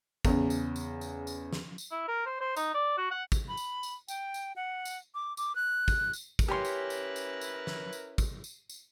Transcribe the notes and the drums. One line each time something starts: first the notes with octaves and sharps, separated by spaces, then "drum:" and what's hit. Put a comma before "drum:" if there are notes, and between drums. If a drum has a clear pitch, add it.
E2 C#3, drum: kick, tambourine
drum: tambourine
drum: tambourine
drum: tambourine
drum: tambourine
drum: snare
drum: tambourine
E4
A#4
C5
C5
D#4, drum: tambourine
D5
F#4
F#5
drum: kick, tambourine
B5
drum: tambourine
drum: tambourine
G5, drum: tambourine
drum: tambourine
F#5
drum: tambourine
D6
D6, drum: tambourine
F#6
drum: kick, tambourine
drum: tambourine
drum: kick, tambourine
C#4 E4 G4 A#4 B4 C#5 G#5 C6
drum: tambourine
drum: tambourine
drum: tambourine
drum: tambourine
drum: snare
drum: tambourine
drum: kick, tambourine
drum: tambourine
drum: tambourine